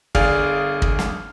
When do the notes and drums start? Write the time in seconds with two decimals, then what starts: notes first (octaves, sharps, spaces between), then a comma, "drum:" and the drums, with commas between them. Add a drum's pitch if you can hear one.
0.15 G1 G#4 D5 F5 F6, drum: kick
0.82 drum: kick
0.99 drum: snare